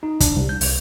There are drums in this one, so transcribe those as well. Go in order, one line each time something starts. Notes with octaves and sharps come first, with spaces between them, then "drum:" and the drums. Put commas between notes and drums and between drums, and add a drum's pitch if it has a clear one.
D#4
D4, drum: kick, hi-hat
C2
G6
C2, drum: open hi-hat